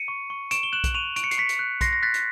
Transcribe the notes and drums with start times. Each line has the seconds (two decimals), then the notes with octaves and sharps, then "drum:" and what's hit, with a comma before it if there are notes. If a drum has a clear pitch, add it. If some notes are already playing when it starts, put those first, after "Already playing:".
Already playing: C#7 D#7
0.08 C#6
0.30 C#6
0.51 C#6 D7 E7, drum: hi-hat
0.63 G7
0.73 F#6 E7 F#7
0.84 drum: kick B1, hi-hat
0.94 C#6 D#7 F7
1.16 C#6 D7, drum: hi-hat
1.24 C#7
1.31 C7, drum: hi-hat
1.38 C#6 B6 C#7
1.49 drum: hi-hat
1.59 F#6
1.81 C6 A#6 C7, drum: kick B1, hi-hat
1.93 A#6
2.03 F#6 A6 B6
2.14 drum: hi-hat